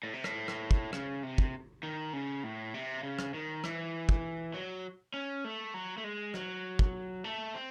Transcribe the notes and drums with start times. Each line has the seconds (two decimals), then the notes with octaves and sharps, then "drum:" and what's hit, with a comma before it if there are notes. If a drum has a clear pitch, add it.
0.03 A2
0.14 C3
0.24 A2, drum: rim click
0.48 drum: rim click
0.71 drum: kick
0.93 C#3, drum: rim click
1.23 C3
1.38 drum: kick
1.83 D#3
2.13 C#3
2.44 A2
2.74 C3
3.03 C#3
3.19 drum: rim click
3.34 D#3
3.64 E3, drum: rim click
4.09 drum: kick
4.54 F#3
5.14 C#4
5.45 A3
5.74 F#3
5.98 A3
6.04 G#3
6.34 F#3, drum: rim click
6.79 drum: kick
7.24 A3
7.54 C4